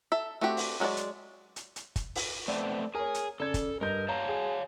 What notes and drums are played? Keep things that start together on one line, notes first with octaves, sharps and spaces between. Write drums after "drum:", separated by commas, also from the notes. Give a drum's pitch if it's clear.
A4 E5
A3 C4 D4 F#4 G4
drum: open hi-hat
F#3 G#3 F4 F#4 D5
drum: hi-hat
drum: hi-hat
drum: hi-hat
drum: kick, hi-hat
drum: open hi-hat
A3 B3 C4 D5
G#4 A#4 C#5 G#5
drum: hi-hat
C#3 A4 D5 G#6
drum: kick, hi-hat
G2 A#4 D#5 G6
C#5 F5 A5 A#5
G#4